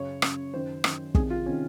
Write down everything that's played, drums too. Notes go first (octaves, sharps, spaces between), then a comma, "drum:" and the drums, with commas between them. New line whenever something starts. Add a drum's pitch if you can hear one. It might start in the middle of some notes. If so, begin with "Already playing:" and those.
Already playing: F#2 C#3 C#5
F#2 C#3, drum: rim click
F#2 D#3 C5
F#2 D#3, drum: rim click
C2 C3 D#3 G#4, drum: kick
F4
C3 D#3 C#4